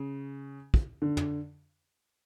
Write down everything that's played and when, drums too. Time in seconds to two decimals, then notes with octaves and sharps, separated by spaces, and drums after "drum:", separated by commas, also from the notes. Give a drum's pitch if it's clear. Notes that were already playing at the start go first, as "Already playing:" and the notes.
Already playing: C#3
0.74 drum: kick
1.02 D3
1.17 drum: tom